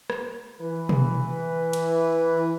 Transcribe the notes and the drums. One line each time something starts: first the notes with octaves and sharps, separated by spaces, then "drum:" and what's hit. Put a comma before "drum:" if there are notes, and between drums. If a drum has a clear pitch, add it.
drum: rim click
E3 B4
drum: tom B2
drum: cymbal